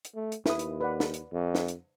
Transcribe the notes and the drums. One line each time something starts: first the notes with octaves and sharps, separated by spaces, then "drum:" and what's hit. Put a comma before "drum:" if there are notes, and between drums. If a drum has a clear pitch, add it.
drum: hi-hat
A3
drum: hi-hat
D#2 E4 B4 D#6, drum: snare
drum: hi-hat
B4 D5 F#5
drum: snare
drum: hi-hat
F2
drum: snare
drum: hi-hat